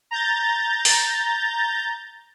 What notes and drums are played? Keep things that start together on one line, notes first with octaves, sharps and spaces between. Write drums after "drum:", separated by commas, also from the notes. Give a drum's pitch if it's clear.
A#5 G6 A6
drum: open hi-hat